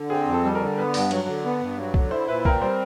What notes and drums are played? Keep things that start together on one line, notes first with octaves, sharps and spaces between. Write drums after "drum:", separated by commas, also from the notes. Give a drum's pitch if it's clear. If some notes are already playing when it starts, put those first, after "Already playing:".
Already playing: D3
C4 G#4
F2
A4
G3
A#4
D3
B3 B4
G2, drum: open hi-hat
F#3, drum: cymbal
D3
B3
G2
F#3
D3, drum: kick
E4 C5
A#2 B4
C4 A#4, drum: kick
G3 C5